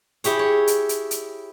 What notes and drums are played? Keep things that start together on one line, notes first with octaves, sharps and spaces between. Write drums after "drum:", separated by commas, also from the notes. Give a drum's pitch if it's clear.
E4 G4 G#4 C#5, drum: hi-hat
C#5
drum: hi-hat
drum: hi-hat
drum: hi-hat